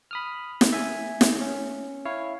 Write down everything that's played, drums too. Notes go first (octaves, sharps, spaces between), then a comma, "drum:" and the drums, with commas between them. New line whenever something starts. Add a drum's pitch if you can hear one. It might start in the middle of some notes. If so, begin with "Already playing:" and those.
B5 D#6 F6
drum: snare
E5 G#5
drum: snare
C#4
E4 C#5 F5